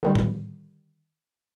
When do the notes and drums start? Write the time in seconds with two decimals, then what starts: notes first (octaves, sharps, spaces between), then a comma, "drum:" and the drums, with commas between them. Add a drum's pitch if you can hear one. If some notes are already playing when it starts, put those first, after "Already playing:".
0.03 D3 D#3 G3
0.15 drum: tom A2